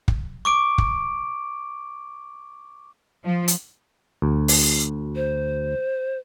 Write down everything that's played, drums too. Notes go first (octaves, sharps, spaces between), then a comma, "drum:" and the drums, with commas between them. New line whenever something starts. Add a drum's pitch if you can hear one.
drum: kick
C#6 D6 D7
drum: kick
F3
drum: hi-hat
D2
drum: open hi-hat
C5